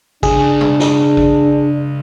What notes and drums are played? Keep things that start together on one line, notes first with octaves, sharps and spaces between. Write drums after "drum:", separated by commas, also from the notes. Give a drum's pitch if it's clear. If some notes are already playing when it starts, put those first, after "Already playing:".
C#2 C#3 D4 G#4, drum: kick
drum: tom
drum: snare
drum: kick